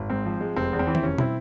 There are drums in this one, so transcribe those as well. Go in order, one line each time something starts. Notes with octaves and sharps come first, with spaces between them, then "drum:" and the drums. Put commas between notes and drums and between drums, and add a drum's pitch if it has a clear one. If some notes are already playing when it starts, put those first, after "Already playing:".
Already playing: G#1
G#2 C4
F3
G#3
F1 C4
E2
C4
E3
E4, drum: tom D#3
F1 C#4
C4 E4, drum: tom